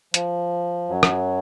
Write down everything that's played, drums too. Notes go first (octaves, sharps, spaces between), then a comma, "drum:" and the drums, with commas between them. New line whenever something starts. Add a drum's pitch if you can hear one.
F3, drum: hi-hat
F#2 F#3
drum: rim click